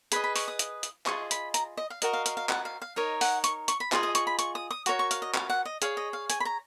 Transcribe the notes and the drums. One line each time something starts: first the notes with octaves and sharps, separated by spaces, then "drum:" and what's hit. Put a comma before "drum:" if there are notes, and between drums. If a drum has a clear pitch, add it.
G#4 B4 D#5 B5, drum: hi-hat
B5
C#6, drum: open hi-hat
D#6
drum: hi-hat
drum: hi-hat
F4 G#4 D#5 C#6, drum: clap
B5, drum: hi-hat
A#5, drum: hi-hat
D#5
F5
F#4 A#4 D#5, drum: hi-hat
F5
F5, drum: hi-hat
F5
F#5, drum: clap
F5
F5
D#4 A#4 C#5 D#5
F#5, drum: open hi-hat
C#6, drum: hi-hat
C#6, drum: hi-hat
B5
F4 G#4 D#5, drum: clap
D#6
C#6, drum: hi-hat
B5
C#6, drum: hi-hat
D#6
D#6
F#4 A#4 C#5 C#6, drum: hi-hat
C#6
F5, drum: hi-hat
D#5
F5, drum: clap
F#5
D#5
G#4 C#5 F5, drum: hi-hat
D#5
F5
G#5, drum: hi-hat
B5
A#5